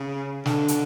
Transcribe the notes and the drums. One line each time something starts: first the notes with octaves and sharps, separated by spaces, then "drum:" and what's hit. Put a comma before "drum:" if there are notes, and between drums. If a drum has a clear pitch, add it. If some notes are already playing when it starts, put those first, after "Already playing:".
Already playing: C#3
D3, drum: snare
drum: hi-hat